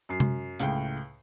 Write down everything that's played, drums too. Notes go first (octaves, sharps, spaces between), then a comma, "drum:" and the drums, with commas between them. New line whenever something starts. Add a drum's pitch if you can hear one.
F#2 C7
drum: tom C3
C#2 A2 C#3 G5, drum: hi-hat